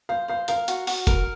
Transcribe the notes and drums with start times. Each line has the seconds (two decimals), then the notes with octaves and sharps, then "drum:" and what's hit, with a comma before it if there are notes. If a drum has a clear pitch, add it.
0.09 C5 F5
0.28 C5 F5
0.48 A#4 F5, drum: hi-hat
0.68 F#4, drum: hi-hat
0.87 F#4, drum: open hi-hat
1.07 A#4, drum: kick, hi-hat